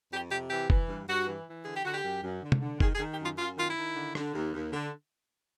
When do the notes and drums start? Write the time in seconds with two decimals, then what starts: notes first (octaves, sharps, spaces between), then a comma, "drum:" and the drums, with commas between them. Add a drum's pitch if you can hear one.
0.12 F2 G4
0.31 C3 G4
0.50 E3 G4
0.70 E3, drum: kick
0.89 G2
1.08 G2 F#4
1.27 E3
1.47 E3
1.65 D3 G#4
1.75 G4
1.84 D3 F#4
1.94 G4
2.04 F#2
2.23 F#2
2.43 D3
2.52 drum: tom
2.61 D3
2.80 D#3 G#4, drum: kick
2.95 G#4
2.99 D#3
3.10 G4
3.19 F#2 F4
3.38 F#2 F4
3.58 D#3 F4
3.67 E4
3.77 D#3
3.96 D3
4.15 D3, drum: rim click
4.34 D#2
4.54 D#2
4.73 D3